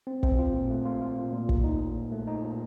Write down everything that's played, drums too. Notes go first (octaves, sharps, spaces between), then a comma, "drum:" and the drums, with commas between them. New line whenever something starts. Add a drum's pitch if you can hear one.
C4
C4, drum: kick
F4
A#2
A3
F4
F4
A#2
A#2
A#2, drum: kick
D#4
A#2
A#2
A3
D#4
A#2